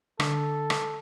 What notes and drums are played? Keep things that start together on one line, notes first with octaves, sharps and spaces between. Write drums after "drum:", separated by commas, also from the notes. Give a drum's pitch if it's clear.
D3 A4, drum: rim click
drum: rim click